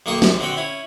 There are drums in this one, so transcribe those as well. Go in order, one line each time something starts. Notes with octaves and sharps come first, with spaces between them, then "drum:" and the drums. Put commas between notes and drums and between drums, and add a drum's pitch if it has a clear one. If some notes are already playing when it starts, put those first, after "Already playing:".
B1 D#3 A#3 C#6 D#6
A#1 F#2, drum: snare
D3 C4 F#4 G5
C#4 E4